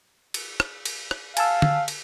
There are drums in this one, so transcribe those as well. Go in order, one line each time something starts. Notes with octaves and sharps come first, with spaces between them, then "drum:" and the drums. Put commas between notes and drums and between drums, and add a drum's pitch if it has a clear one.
drum: cymbal
drum: rim click
drum: cymbal
drum: rim click
F5 G#5 A5 E6, drum: cymbal
drum: tom
drum: cymbal